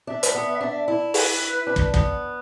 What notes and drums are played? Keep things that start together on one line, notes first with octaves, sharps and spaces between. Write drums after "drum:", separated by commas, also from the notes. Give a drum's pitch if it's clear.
D4 E5
drum: hi-hat
B3
D4
E4
B4, drum: open hi-hat
D4
drum: kick
B3, drum: kick